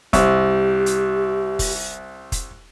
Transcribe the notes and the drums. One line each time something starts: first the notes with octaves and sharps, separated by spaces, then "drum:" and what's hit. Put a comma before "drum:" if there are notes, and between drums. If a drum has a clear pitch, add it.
C2 G4, drum: kick F1, hi-hat
drum: hi-hat
drum: kick F1, open hi-hat
drum: kick F1, hi-hat